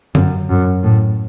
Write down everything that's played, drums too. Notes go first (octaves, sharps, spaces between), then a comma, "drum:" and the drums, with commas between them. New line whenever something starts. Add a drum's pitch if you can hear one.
F#2, drum: tom D3
F#2
A2